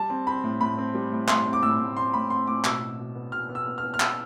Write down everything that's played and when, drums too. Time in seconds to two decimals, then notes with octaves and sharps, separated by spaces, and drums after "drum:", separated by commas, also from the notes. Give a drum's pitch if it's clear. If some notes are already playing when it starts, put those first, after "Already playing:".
Already playing: G3 A5
0.10 C4
0.27 C4 B5
0.44 A2
0.61 A2 B5
0.78 C4
0.94 G3
1.12 A2
1.28 A2 C6, drum: clap
1.45 C4
1.53 D6
1.63 A2 E6
1.80 A2
1.97 C4 C6
2.13 A2 B5
2.30 C4 C6
2.47 A2 D6
2.64 B2 E6, drum: clap
2.81 B2
2.98 B2
3.15 B3
3.32 B2 F6
3.49 B3
3.55 E6
3.66 B3
3.78 F6
3.83 B3
3.94 F6
4.00 B3 E6, drum: clap